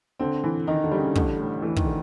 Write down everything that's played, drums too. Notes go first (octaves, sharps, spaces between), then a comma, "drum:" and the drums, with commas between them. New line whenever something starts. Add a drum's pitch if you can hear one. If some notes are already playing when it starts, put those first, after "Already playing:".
D3 C4
E3
D#3 D#4
D3
G3
C#3
A1 D3, drum: kick
A2
E3 A3
D#3, drum: kick
D3